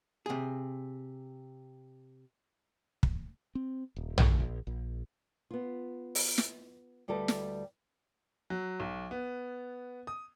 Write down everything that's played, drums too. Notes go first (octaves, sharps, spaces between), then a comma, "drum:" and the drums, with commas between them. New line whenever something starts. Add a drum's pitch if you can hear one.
C3 G#4
drum: kick
C4
D#1
D2, drum: tom A#1
A#1
A#1
B3 F4
drum: open hi-hat
drum: snare
D2 G3 G4 A4 B4 D#5
drum: snare
F#3
B1
B3
D#6